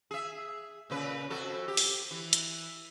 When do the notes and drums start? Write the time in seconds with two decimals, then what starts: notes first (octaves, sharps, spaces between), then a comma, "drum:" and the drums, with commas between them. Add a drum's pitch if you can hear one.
0.11 G#4 E5
0.90 A#2 C#3 B4
1.30 F2 F#4 A4
1.68 G4
1.77 drum: open hi-hat
2.11 E3
2.33 drum: hi-hat